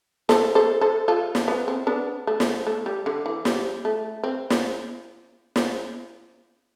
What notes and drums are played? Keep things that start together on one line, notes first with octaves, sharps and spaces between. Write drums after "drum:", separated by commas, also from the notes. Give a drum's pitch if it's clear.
A4 C5, drum: snare
A4 C5
A4 C5
F4 A4
drum: snare
B3
C4
B3 D4
A3
drum: snare
A3
G3
D3
E3
G3, drum: snare
A3
C4
drum: snare
drum: snare